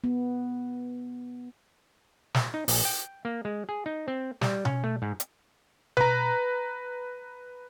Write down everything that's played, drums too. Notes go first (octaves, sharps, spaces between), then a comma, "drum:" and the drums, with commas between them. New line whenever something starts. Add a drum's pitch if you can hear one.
B3
drum: snare
D#4
A#1, drum: open hi-hat
G5
A#3
G#3
G#4
D#4
C4
G3, drum: snare
C#4, drum: tom B2
A3
G#2
drum: hi-hat
B4 A#5, drum: tom B2